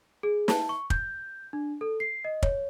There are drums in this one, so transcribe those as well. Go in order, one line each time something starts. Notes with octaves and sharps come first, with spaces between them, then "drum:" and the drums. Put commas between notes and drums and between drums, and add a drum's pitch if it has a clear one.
G#4
A5, drum: snare
C#6
G6, drum: kick
D4
A4
C7
D#5
C#5, drum: kick